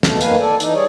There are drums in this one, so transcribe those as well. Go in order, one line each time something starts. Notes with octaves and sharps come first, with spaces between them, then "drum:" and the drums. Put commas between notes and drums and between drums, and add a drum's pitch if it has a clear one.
E2 B2 A3, drum: snare
F#2 D#3 A#3 B4 F5 G#5, drum: hi-hat
A4 D5 G#5
E3 D#4, drum: hi-hat
G3 G#4 C#5 D5